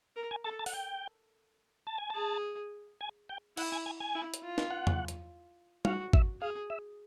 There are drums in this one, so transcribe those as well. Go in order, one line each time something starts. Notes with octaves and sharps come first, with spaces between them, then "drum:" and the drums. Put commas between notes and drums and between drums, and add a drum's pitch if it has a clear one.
A#4
G#5
A4 A5
A5
F#5, drum: open hi-hat
G5
A5
G#5
G#4 A5
G#5
G5
E4 F#5, drum: cymbal
G#5
G#5
G#5
E4
drum: hi-hat
F4
drum: snare
F#5
drum: tom E2
drum: hi-hat
F#4 F5, drum: tom G3
E5, drum: kick G#1
G#4 F5
E5